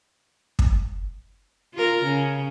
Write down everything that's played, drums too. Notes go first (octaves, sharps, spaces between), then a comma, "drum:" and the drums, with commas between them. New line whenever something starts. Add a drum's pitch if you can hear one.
drum: kick
F4 A#4
C#3